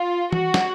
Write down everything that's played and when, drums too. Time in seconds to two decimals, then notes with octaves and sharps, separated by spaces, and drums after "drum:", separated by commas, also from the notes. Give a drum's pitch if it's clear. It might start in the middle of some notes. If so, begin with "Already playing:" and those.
Already playing: F4
0.32 F#4, drum: tom E3
0.54 drum: snare